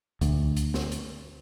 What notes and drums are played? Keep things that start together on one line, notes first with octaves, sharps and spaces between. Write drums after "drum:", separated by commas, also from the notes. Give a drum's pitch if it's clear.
D2, drum: kick C2, hi-hat
drum: hi-hat
drum: snare
drum: hi-hat